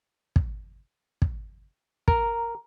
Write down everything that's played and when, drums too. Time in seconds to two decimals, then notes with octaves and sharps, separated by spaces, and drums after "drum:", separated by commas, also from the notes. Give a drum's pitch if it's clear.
0.36 drum: kick
1.22 drum: kick
2.08 A#4 A#5, drum: kick